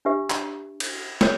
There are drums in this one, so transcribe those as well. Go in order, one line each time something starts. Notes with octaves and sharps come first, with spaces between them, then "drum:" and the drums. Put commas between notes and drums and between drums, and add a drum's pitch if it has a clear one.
D4 G4 B4 E5
drum: clap
drum: cymbal
F#4 A#4 C#5, drum: snare